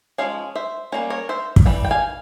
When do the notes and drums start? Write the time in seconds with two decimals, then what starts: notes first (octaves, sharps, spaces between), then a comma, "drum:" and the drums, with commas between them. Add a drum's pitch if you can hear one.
0.18 F3 G#3 C#4 C#5 F5
0.55 C5 E5
0.92 G3 A#3 C#4 A#4 C#5
1.10 A#4 C#5
1.29 C5 E5
1.56 drum: kick
1.66 E3 G3 G5
1.85 G5
1.91 F5 G#5